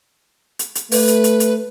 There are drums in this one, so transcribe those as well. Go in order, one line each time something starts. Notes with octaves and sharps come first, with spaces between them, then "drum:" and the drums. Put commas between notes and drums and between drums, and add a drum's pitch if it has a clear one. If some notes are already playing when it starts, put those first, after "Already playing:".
drum: hi-hat
drum: hi-hat
A3 B4, drum: open hi-hat
drum: hi-hat
drum: hi-hat
drum: hi-hat